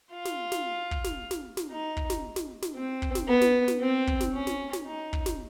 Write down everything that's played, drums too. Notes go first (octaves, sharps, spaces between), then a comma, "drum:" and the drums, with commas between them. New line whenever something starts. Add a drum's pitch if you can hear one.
F4
drum: snare
drum: snare
drum: kick
drum: snare
drum: snare
drum: snare
D#4
drum: kick
drum: snare
drum: snare
drum: snare
C4
drum: kick
drum: snare
B3
drum: snare
drum: snare
C4
drum: kick
drum: snare
C#4
drum: snare
drum: snare
D#4
drum: kick
drum: snare